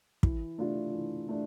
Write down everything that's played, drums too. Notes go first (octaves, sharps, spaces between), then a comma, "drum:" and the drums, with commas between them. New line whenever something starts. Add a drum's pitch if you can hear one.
E3, drum: kick
A3 D4 F4
E3
A3 D4